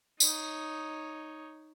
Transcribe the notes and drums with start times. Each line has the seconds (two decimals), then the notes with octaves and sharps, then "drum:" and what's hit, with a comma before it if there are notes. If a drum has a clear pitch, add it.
0.20 D#4 C#5, drum: tambourine